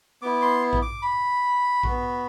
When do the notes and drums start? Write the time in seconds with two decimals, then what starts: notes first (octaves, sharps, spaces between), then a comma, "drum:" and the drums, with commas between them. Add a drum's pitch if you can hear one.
0.22 B3 E4 D6
0.42 C6
0.73 drum: kick A#1
0.82 D6
1.02 B5
1.83 B3 F#4, drum: kick A#1